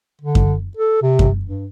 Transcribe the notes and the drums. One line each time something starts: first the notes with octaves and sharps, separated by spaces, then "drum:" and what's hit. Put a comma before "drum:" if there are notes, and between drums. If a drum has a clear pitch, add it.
D3
drum: kick F#2
A4
C3
drum: kick F#2
G2